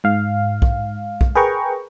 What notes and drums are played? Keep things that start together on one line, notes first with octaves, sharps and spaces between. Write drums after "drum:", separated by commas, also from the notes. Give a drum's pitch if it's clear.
G#2 F5
drum: kick
drum: kick
G#4 A#4 B4 G5 A#5 C#6